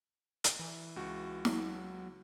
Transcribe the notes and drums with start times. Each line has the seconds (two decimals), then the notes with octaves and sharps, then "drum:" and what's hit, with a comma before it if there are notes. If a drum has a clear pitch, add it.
0.44 drum: hi-hat
0.59 E3
0.96 C#2 F#4
1.45 F#3, drum: snare